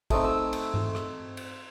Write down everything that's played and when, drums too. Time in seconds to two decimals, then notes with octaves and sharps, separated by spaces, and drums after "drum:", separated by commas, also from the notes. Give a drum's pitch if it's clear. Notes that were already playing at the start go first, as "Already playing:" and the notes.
0.10 A3 C4 D#4 D#6, drum: kick, cymbal
0.24 E6
0.53 drum: cymbal
0.74 drum: tom G2
0.95 drum: rim click
1.37 drum: cymbal